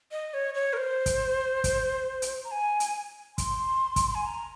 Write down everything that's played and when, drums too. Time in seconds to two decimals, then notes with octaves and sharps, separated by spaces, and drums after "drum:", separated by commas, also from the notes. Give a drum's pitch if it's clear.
0.12 D#5
0.34 C#5
0.54 C#5
0.73 A#4
0.77 C5
1.06 drum: kick, hi-hat
1.64 drum: kick, hi-hat
2.22 drum: hi-hat
2.45 A#5
2.51 G#5
2.80 drum: hi-hat
3.38 C6, drum: kick, hi-hat
3.96 drum: kick, hi-hat
4.15 G#5
4.26 A#5